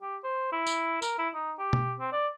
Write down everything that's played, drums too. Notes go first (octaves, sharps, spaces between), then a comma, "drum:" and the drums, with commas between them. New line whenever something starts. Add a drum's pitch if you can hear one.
G4
C5
E4
drum: tambourine
A#4, drum: tambourine
E4
D#4
G4
drum: tom B2
C4
D5